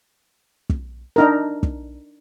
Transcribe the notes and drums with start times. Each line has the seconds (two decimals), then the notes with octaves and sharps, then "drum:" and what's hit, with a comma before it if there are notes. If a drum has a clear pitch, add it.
0.69 drum: kick
1.16 D4 D#4 A#4
1.63 drum: kick